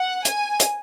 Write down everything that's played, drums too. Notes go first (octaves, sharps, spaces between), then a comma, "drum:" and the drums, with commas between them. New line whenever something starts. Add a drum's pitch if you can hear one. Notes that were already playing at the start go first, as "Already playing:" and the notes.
Already playing: F#5
G#5, drum: hi-hat
drum: hi-hat